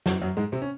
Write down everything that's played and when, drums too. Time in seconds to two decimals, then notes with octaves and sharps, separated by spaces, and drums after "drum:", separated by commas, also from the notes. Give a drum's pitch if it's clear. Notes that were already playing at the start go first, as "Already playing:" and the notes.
0.06 F#2 F#3, drum: snare
0.21 F#2 F#3
0.37 G#2 G#3
0.52 C3 C4
0.62 C#4